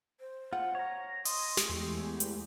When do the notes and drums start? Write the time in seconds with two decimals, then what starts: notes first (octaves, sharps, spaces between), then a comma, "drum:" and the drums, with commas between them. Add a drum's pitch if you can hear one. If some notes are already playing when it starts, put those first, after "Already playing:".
0.20 C5
0.53 F4 F#5
0.75 C#5 A#5
1.25 D#5 C6, drum: open hi-hat
1.57 drum: snare
1.69 E2 G#3 A3 G4
2.20 drum: hi-hat